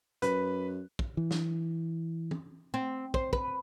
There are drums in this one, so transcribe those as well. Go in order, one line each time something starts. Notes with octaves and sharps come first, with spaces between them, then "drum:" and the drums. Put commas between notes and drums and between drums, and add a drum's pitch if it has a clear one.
F#2 B4, drum: hi-hat
drum: kick
E3
drum: snare
drum: tom
C4
C5, drum: kick
B4, drum: kick